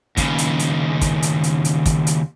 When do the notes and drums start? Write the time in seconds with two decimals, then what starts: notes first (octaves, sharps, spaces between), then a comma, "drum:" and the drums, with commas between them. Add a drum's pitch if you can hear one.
0.17 D#2 C#3, drum: kick, hi-hat
0.38 drum: hi-hat
0.59 drum: hi-hat
1.01 drum: kick, hi-hat
1.22 drum: hi-hat
1.44 drum: hi-hat
1.65 drum: hi-hat
1.86 drum: kick, hi-hat
2.07 drum: hi-hat